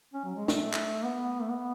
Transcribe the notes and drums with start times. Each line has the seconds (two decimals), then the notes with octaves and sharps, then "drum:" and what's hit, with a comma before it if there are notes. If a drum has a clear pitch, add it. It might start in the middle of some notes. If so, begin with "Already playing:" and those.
0.14 C#4
0.25 F#3
0.36 G#3
0.48 A3, drum: snare
0.73 drum: clap
1.04 B3
1.42 A3
1.51 B3